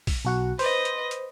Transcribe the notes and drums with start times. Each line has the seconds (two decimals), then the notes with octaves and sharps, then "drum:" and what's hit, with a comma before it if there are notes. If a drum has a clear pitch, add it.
0.07 drum: kick A#1, open hi-hat
0.25 B1 F#4 F#5
0.59 B4 C5 D#5, drum: open hi-hat
0.85 drum: hi-hat
1.11 drum: hi-hat